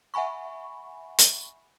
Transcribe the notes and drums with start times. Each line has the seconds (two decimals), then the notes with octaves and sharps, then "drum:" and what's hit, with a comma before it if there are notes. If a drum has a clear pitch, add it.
0.14 E5 F#5 G#5 B5 C#6
1.18 drum: hi-hat